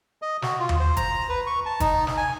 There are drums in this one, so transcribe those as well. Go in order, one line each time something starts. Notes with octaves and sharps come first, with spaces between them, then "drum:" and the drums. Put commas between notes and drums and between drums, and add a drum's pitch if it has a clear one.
D#5
F#4, drum: snare
F4
drum: tom D#2
C5
A#5, drum: kick, hi-hat
B4
C#6
A5
D#4, drum: kick, hi-hat
drum: snare
G#5